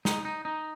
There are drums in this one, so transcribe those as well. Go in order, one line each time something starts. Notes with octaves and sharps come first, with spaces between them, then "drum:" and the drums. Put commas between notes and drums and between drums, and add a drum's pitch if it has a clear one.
D#4, drum: snare
D#4
D#4